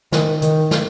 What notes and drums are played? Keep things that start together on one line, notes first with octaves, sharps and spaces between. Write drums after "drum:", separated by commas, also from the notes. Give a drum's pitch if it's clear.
D#3, drum: snare
D#3, drum: hi-hat
drum: snare